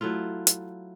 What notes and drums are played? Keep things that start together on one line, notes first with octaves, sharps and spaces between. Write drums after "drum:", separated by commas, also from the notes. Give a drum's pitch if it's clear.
F#3 A3 E4 F4
drum: hi-hat